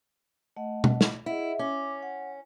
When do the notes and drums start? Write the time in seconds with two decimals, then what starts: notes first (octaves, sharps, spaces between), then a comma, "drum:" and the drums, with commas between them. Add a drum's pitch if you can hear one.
0.57 A3 D#5 F#5
0.84 drum: tom B2
1.01 drum: snare
1.26 E4 G#4 D#5 F#5
1.59 C#4 D6
2.03 F#5